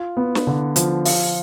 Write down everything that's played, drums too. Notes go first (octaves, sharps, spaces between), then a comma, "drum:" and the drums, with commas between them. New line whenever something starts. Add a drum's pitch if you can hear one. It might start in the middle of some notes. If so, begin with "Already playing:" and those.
Already playing: F4
B3
drum: snare
D3
F3, drum: hi-hat
F4, drum: open hi-hat